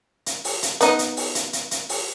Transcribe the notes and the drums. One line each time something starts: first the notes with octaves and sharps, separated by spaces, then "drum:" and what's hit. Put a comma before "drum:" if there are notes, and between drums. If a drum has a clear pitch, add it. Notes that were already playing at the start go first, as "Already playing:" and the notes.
drum: hi-hat
drum: open hi-hat
drum: hi-hat
B3 D#4, drum: hi-hat
drum: hi-hat
drum: open hi-hat
drum: hi-hat
drum: hi-hat
drum: hi-hat
drum: open hi-hat